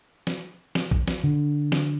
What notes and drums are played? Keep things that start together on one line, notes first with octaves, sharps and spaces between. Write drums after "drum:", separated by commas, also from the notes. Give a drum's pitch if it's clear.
drum: snare
drum: snare
drum: kick A#1
drum: snare
D3
drum: snare